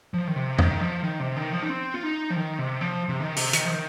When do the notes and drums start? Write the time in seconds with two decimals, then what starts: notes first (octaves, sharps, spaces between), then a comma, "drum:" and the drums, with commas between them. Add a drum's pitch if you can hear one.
0.14 F3
0.27 D#3
0.36 C3
0.59 D#3, drum: tom F2
0.81 F3
1.03 D#3
1.20 C3
1.36 D#3
1.53 F3
1.63 D#4
1.69 C4
1.94 F4
2.03 D#4
2.30 F3
2.36 D#3
2.58 C3
2.81 F3
3.09 C3
3.20 D#3
3.36 C3, drum: open hi-hat
3.53 D#3, drum: hi-hat
3.65 F3
3.70 D#3